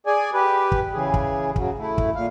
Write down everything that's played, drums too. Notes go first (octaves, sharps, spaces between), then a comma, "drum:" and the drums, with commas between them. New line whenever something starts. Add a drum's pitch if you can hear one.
G#4 D5 G#5
G4 B4
drum: kick
C#3 E3 G#4
drum: kick
C#3 F#3, drum: kick
A3 E4
drum: kick
A#2 F5